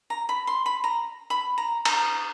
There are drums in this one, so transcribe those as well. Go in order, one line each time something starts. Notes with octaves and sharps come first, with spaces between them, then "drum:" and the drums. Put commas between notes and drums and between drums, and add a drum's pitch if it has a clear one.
A#5
B5
C6
B5
A#5
B5
A#5
A#5, drum: cymbal